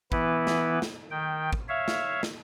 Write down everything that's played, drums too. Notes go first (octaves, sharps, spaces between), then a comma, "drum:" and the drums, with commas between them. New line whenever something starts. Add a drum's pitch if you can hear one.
E3 B3 E4 B4, drum: kick
drum: snare
drum: snare
D#3 G5
drum: kick
C#5 E5 F5
drum: snare
drum: snare